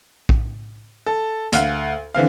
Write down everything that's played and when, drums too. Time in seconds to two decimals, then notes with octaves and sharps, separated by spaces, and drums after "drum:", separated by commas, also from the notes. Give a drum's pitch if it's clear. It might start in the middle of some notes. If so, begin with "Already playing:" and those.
0.29 drum: kick
1.06 A4
1.52 D2 F5 F#5, drum: hi-hat
2.14 D3 E3 C4 F5